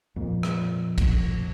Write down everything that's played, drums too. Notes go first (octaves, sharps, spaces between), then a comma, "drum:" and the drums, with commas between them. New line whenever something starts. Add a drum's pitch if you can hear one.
F2 A#2
drum: rim click
drum: kick, cymbal